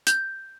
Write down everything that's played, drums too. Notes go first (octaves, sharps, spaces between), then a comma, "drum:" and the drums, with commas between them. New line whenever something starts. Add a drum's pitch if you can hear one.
G6, drum: hi-hat